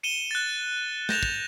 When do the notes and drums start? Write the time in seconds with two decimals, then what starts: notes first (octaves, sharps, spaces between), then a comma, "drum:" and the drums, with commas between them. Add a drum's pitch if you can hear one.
0.03 C#7 D#7 E7 G7
0.31 F#6 A6
1.09 G6 A#6 E7 F7, drum: snare
1.23 drum: kick